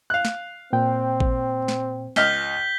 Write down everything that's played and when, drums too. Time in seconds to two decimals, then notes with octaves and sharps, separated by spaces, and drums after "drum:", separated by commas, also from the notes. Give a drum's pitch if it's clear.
0.10 F5 F#6
0.25 drum: snare
0.73 A#2 C4 G5
1.20 drum: kick A1
1.68 drum: snare
2.16 C#2 D#5 F6 G6 B6 G7, drum: snare